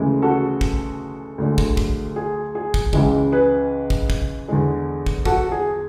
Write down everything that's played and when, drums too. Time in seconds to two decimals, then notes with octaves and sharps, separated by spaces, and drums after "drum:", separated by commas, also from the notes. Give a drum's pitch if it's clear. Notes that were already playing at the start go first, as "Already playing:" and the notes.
Already playing: D2 C#3 E3 G#3
0.22 F#4 A4
0.61 drum: kick
1.38 D2 D3 G#3
1.58 drum: kick
1.77 drum: kick
2.16 G#4
2.55 G#4
2.74 drum: kick
2.93 C#2 C#3 E3 G#3, drum: kick
3.32 G#4 B4
3.90 drum: kick
4.10 drum: kick
4.48 E2 D3 G#3
5.06 drum: kick
5.25 F#4 A4, drum: kick
5.52 G#4